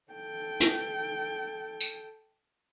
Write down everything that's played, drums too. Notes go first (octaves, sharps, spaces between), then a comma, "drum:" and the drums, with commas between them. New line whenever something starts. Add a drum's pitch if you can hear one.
A4 G5
drum: hi-hat
drum: tambourine